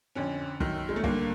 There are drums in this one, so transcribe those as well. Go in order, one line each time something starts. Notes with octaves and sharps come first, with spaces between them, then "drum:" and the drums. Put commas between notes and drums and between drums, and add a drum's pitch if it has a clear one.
F2 D3 C#4
F#2 D#3, drum: kick
G#3
A3
G2 D3 A#3, drum: kick